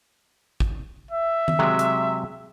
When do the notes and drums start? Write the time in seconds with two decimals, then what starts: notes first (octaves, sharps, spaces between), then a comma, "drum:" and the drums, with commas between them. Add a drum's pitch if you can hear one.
0.60 drum: kick
1.11 E5
1.48 drum: tom D#3
1.59 C3 F#3 G#3
1.79 drum: hi-hat